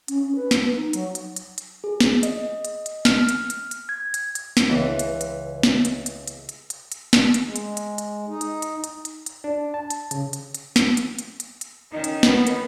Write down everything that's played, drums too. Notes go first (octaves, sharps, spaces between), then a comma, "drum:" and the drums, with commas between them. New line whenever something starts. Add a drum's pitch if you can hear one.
C#4, drum: hi-hat
C#4
B4
drum: snare
B4
D#4
F#3, drum: hi-hat
drum: hi-hat
drum: hi-hat
drum: hi-hat
G#4
drum: snare
D#5, drum: hi-hat
drum: hi-hat
drum: hi-hat
F6, drum: snare
drum: hi-hat
drum: hi-hat
drum: hi-hat
G#6
drum: hi-hat
drum: hi-hat
drum: snare
C#2 E3
drum: hi-hat
drum: hi-hat
drum: snare
drum: hi-hat
drum: hi-hat
drum: hi-hat
drum: hi-hat
drum: hi-hat
drum: hi-hat
drum: snare
drum: hi-hat
G#3
drum: hi-hat
drum: hi-hat
drum: hi-hat
D#4
drum: hi-hat
drum: hi-hat
drum: hi-hat
drum: hi-hat
drum: hi-hat
D4
A5
drum: hi-hat
C#3, drum: hi-hat
drum: hi-hat
drum: hi-hat
drum: snare
drum: hi-hat
drum: hi-hat
drum: hi-hat
drum: hi-hat
D#3 C#4 D#4
drum: hi-hat
B3, drum: snare
drum: hi-hat